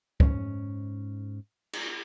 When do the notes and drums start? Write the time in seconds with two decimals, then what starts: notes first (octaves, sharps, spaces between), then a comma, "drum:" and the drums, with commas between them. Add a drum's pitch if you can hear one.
0.20 G#2 C#4, drum: kick
1.73 drum: cymbal